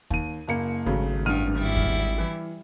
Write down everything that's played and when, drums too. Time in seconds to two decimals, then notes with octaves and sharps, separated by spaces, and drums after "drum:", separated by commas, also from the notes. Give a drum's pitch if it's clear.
0.10 D#2 D#7, drum: kick
0.48 F#1 A#3 C#7
0.86 G#1 C#3 F#3 A3
1.26 A1 G2 F6 D#7
1.59 G3 E4
1.76 drum: kick
2.18 E3